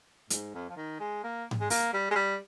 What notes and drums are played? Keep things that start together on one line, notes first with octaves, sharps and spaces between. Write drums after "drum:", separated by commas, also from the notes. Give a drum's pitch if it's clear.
G#2, drum: hi-hat
F2
F3
D#3
G#3
A#3
drum: tom G#2
G#3
A#3, drum: open hi-hat
G3
G#3
G3